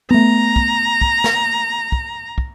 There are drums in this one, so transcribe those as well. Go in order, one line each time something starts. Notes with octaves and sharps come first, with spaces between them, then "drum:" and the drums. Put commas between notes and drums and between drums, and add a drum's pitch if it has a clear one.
A3 B3 A#5
drum: kick
drum: kick
drum: snare
drum: kick
drum: kick